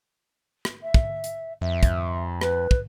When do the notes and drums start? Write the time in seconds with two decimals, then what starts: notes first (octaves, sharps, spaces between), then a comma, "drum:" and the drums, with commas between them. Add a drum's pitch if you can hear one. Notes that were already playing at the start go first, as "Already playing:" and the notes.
0.65 drum: rim click
0.83 E5
0.94 drum: kick
1.24 drum: hi-hat
1.61 F2 E5
1.83 drum: kick, hi-hat
2.41 B4, drum: rim click
2.71 drum: kick